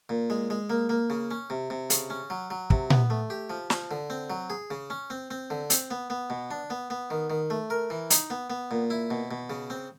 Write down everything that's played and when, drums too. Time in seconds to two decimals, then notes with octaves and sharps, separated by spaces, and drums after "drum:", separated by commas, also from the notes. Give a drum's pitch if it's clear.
0.09 A#2
0.30 G#3
0.50 G#3
0.70 A#3
0.89 A#3
1.10 C#3
1.31 C#4
1.50 C3
1.70 C3
1.90 C#3, drum: hi-hat
2.10 C#4
2.30 F#3
2.50 F#3
2.70 C3, drum: kick
2.90 B3, drum: tom A#2
3.10 A3
3.30 G4
3.50 F3
3.70 F3, drum: snare
3.91 D3
4.10 C4
4.30 F#3
4.50 G#4
4.71 C#3
4.90 C#4
5.10 C4
5.31 C4
5.50 D3
5.70 C4, drum: hi-hat
5.91 B3
6.10 B3
6.30 B2
6.51 D4
6.70 B3
6.90 B3
7.10 D#3
7.30 D#3
7.50 A3
7.70 A#4
7.90 E3
8.10 D#4, drum: hi-hat
8.30 B3
8.50 B3
8.71 A#2
8.90 E4
9.10 B2
9.31 B2
9.50 C#3
9.70 C4